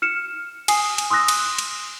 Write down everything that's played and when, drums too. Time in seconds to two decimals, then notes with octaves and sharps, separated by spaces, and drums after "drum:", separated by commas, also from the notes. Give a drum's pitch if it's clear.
0.02 F6 C#7 E7
0.68 G#5 D#6 C7, drum: cymbal
0.98 drum: cymbal
1.10 C6 D#6 E6 F#6 A#6
1.28 drum: cymbal
1.58 drum: cymbal